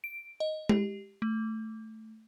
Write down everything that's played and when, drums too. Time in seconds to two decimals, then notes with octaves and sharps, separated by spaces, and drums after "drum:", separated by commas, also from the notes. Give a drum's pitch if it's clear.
0.04 D7
0.40 D#5
0.69 G4, drum: tom G#3
1.22 A3